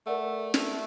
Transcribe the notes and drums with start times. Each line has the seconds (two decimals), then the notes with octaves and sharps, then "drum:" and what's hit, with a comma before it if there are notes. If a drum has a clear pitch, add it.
0.06 A3 A#4 D5 F#5
0.54 drum: snare